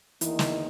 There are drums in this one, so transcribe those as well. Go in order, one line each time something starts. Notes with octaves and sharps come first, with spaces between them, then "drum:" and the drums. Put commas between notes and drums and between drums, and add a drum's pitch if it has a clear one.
E2 D#3 E3 A#3 D#4 A#4, drum: hi-hat
drum: snare